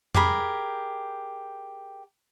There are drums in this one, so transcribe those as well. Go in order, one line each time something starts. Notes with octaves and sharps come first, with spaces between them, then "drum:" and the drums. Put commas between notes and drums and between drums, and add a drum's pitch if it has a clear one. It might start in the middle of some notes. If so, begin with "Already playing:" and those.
G4 G#4 A#4 B5, drum: tom F2